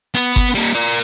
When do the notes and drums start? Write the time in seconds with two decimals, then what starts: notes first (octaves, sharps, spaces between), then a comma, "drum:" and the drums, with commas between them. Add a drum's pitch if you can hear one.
0.15 B3
0.36 drum: kick G1
0.54 G3 A#3
0.75 A#4 D5